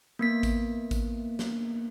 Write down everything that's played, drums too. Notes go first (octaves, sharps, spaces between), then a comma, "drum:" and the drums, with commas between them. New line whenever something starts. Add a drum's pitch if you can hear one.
A#3 B3 B6
drum: kick A1, tambourine
drum: kick A1, tambourine
drum: snare